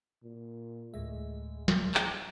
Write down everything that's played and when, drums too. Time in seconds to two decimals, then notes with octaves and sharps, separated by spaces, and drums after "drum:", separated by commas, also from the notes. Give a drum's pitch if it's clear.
0.23 A#2
0.94 D2 A2 G#3 E5
1.68 drum: snare
1.94 drum: clap